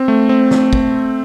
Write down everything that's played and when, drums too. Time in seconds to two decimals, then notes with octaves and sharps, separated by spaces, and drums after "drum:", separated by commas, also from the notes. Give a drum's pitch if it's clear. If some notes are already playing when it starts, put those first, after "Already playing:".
Already playing: C4
0.08 A3
0.29 C4
0.51 drum: snare
0.73 drum: kick